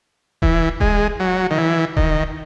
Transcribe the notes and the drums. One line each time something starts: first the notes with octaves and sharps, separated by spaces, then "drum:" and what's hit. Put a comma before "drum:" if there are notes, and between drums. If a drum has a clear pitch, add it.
E3, drum: kick D#1
G#3, drum: kick D#1
F#3
D#3
E3
D#3, drum: kick D#1